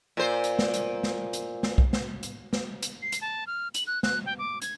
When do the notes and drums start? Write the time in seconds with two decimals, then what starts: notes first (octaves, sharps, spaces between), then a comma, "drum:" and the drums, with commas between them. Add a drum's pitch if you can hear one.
0.17 A#2 C5
0.44 drum: hi-hat
0.59 drum: snare
0.74 drum: hi-hat
1.03 drum: snare
1.33 drum: hi-hat
1.63 drum: snare
1.78 drum: kick
1.93 drum: snare
2.23 drum: hi-hat
2.53 drum: snare
2.83 drum: hi-hat
3.02 C7
3.12 drum: hi-hat
3.21 A5
3.47 F6
3.74 F#7, drum: hi-hat
3.87 F#6
4.03 F#6, drum: snare
4.26 G5
4.39 D6
4.62 G#6, drum: hi-hat